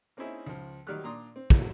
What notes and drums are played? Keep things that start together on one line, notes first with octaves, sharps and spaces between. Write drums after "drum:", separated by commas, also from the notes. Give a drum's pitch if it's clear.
A#3 C4 C#4 D#4 E4 G#4
C#2 F3
D#3 F#3 G3 G4 F6 F#6
A#2 D4 A#5 C6 D#6
C4
F#3 A3 A#3, drum: kick